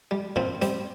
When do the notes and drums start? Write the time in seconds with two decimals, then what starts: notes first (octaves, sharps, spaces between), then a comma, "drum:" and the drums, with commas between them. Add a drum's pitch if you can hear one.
0.11 G3
0.36 A#2 C4, drum: tom G2
0.62 G3 C4, drum: hi-hat